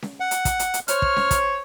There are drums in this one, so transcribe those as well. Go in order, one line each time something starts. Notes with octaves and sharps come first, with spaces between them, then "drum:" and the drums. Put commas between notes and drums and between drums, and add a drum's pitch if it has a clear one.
drum: snare C#4
F#5
drum: hi-hat
drum: kick, hi-hat
drum: hi-hat
drum: hi-hat
C5 C#5 F6, drum: hi-hat
drum: kick
drum: snare C#4
drum: kick, hi-hat